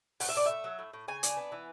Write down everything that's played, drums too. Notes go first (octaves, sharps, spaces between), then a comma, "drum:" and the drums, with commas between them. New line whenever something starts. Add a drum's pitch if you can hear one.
A2 F#5, drum: open hi-hat
E5
A2 D5
A3 E5
F#3
A2
A2
C#3 G#5
D4, drum: hi-hat
B3
E3